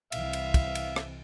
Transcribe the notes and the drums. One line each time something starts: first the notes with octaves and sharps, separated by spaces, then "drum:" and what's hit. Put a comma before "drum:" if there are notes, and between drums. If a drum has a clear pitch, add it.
C2 E3 C4 E5 F5, drum: cymbal
drum: cymbal
drum: kick, cymbal
drum: cymbal
drum: rim click